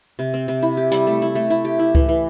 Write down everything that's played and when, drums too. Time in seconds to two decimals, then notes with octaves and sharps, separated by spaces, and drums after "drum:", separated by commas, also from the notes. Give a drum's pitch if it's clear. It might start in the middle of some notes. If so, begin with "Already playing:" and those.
0.19 C3
0.34 C4
0.48 C3
0.63 E4
0.77 G4
0.91 G3, drum: hi-hat
1.07 A3
1.22 E4
1.35 A3
1.50 E4
1.65 G4
1.79 E4
1.95 E3, drum: kick C#2
2.09 E3